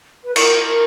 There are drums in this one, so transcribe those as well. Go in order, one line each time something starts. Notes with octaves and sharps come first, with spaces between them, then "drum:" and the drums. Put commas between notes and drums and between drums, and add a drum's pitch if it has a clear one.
B4
A#4, drum: cymbal